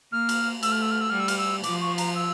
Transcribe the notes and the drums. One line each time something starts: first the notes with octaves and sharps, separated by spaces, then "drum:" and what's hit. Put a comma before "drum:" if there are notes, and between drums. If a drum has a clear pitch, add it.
A#3 F6
drum: cymbal
A3 E6, drum: cymbal
F6
E6
F6
E6
G3 F6
E6
F6, drum: cymbal
E6
F3 D6, drum: cymbal
C#6
A#5, drum: cymbal
E6